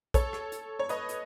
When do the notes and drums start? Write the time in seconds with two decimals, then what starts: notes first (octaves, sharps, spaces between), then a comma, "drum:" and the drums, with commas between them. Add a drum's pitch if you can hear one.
0.14 A4 C#5, drum: kick, hi-hat
0.33 drum: rim click
0.52 drum: hi-hat
0.79 C#5
0.89 B4 D#5, drum: hi-hat
1.09 drum: hi-hat